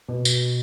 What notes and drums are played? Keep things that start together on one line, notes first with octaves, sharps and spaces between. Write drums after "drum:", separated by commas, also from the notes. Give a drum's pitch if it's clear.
B2
drum: tambourine